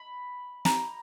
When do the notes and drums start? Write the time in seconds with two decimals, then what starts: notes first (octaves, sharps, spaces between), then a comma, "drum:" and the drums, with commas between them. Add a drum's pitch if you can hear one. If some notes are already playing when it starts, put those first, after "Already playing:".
Already playing: B5
0.65 A#5, drum: snare